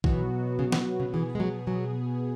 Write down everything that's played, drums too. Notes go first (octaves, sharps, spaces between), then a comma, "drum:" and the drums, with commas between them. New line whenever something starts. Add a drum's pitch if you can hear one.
B2 E3 F#3 B3 F#4, drum: kick
C#3
drum: snare
C#3
B2 E3 B3 G#4
G#3
F#3
F#3